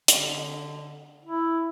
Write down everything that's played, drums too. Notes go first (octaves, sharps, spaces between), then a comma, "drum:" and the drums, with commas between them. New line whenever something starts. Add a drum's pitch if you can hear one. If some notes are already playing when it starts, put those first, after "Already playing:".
D3, drum: hi-hat
E4